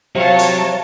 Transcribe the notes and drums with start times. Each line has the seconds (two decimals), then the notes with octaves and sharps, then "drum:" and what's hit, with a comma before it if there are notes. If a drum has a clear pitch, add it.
0.15 C3 F#3 F4 C#5 A5
0.39 drum: hi-hat